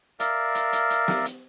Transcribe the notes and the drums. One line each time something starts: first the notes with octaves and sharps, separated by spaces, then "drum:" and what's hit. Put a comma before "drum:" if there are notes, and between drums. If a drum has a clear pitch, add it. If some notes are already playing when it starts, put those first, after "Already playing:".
A#4 D5 E5 F5, drum: hi-hat
drum: hi-hat
drum: hi-hat
drum: hi-hat
drum: snare
drum: hi-hat